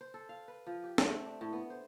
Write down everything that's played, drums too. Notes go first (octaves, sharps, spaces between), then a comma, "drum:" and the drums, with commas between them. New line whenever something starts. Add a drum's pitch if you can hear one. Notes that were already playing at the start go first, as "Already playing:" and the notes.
C5
A4
F5
B4
F3
G4
A3, drum: snare
C4
D4
A2
B3
C5